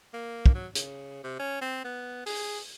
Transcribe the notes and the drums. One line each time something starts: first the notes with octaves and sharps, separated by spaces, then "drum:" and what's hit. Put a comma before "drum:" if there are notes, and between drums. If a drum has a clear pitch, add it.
A#3
drum: kick
F#3
C#3, drum: hi-hat
C3
C#4
C4
B3
G#4, drum: open hi-hat